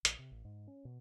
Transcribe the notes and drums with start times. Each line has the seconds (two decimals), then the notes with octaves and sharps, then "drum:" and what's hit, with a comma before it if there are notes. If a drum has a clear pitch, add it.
0.05 A#1, drum: hi-hat
0.19 C3
0.31 A1
0.45 G#2
0.67 C#4
0.85 B2